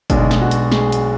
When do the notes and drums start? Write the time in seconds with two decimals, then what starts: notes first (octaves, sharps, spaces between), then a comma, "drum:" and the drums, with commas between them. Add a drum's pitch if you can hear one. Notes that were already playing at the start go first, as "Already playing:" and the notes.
0.10 B1 B2 G#3 D4, drum: kick, hi-hat
0.31 drum: snare
0.42 F#4
0.51 drum: hi-hat
0.72 G#4, drum: snare
0.92 drum: hi-hat